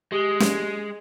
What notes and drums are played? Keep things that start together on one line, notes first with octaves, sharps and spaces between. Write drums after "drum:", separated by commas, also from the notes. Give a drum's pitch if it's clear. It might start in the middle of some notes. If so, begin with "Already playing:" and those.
G#3 G4 D#6 G7
drum: snare